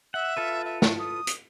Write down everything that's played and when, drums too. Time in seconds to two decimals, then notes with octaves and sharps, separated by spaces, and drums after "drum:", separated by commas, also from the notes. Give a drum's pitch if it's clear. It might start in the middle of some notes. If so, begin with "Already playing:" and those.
0.14 E5 F#5
0.37 F4 A4 B4
0.65 E5
0.82 C#6, drum: snare
0.99 D#6
1.27 drum: hi-hat